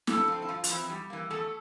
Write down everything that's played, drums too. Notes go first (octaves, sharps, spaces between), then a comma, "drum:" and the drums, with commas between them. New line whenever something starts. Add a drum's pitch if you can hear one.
G2 A3 A4, drum: snare
F3 C4
E4
G2 F3 F4
F4, drum: hi-hat
E3 F3 C4 E4
E2 G3 G4
E3 A#3
E2 A3 A4